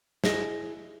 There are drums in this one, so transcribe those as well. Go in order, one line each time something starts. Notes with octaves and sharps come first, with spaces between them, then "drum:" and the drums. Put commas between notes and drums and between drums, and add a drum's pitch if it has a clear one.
E4 G#4 D#5, drum: snare